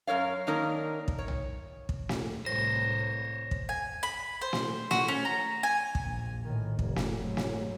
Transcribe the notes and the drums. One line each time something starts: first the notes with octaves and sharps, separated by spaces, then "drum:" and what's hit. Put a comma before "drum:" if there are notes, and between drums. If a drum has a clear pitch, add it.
F#2 A#4 C#5 F5
D#3 A#3 D4 D#4 A#4 C#5
drum: kick
C#5
drum: tom
drum: kick
drum: snare
C2 A2 C5 C#5 A#6
drum: kick
G#5
B5
C5
drum: snare
F#4, drum: snare
C#4
A#5
G#5
drum: kick
A#1
A2 D#3
F1, drum: kick
drum: snare
G#2 F#3
drum: snare